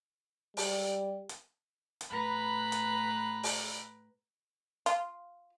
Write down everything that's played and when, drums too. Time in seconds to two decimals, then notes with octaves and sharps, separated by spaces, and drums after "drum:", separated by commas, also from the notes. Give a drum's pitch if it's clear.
0.57 G3, drum: open hi-hat
1.29 drum: hi-hat
2.01 drum: hi-hat
2.10 A2 B4 A#5 B5 F#6
2.72 drum: hi-hat
3.43 drum: open hi-hat
4.86 F4, drum: hi-hat